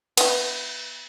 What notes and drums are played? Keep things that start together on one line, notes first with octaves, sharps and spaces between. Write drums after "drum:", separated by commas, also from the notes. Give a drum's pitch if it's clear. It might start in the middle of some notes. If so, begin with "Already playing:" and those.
B3 E4, drum: cymbal